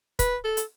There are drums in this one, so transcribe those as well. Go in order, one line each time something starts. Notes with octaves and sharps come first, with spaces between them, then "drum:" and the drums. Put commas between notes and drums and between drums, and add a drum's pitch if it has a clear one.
B4, drum: kick, hi-hat
A4
drum: hi-hat